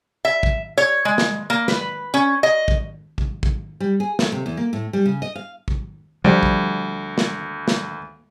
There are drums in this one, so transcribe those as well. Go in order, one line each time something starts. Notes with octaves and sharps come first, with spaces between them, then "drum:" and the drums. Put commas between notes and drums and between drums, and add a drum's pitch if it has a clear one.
E5
drum: kick A1
C#5
G#3
drum: snare
A#3
B4, drum: snare
C#4
D#5
drum: kick A1
drum: kick A1
drum: kick A1
G3
G#4
A3, drum: snare
C3
E2
A#3
A2
G3
C#3
D#5
F5
drum: kick A1
D2 F3 G3
drum: kick A1
drum: snare
drum: snare